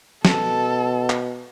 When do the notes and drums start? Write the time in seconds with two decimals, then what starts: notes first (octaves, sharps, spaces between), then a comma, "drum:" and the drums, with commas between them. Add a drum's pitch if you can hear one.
0.25 B2 A4, drum: snare
1.10 drum: clap